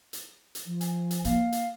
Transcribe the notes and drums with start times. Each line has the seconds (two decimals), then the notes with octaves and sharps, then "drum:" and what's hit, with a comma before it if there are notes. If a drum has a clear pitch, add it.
0.13 drum: hi-hat
0.55 drum: hi-hat
0.66 F3
0.81 G#5, drum: hi-hat
1.11 drum: hi-hat
1.25 A#3 F5, drum: hi-hat
1.52 drum: hi-hat